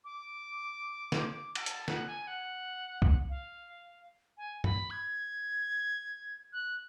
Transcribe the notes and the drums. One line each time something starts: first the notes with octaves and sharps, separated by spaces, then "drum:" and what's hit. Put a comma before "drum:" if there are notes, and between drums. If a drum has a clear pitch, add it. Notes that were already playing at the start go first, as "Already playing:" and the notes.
D6
drum: snare
drum: cymbal
A5, drum: hi-hat
F#5, drum: snare
G#5
F#5
drum: kick C2
F5
G#5
B5, drum: tom G2
G#6
F#6